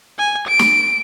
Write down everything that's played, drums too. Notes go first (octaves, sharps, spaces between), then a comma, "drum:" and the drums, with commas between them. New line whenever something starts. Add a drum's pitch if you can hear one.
G#5
D7
drum: snare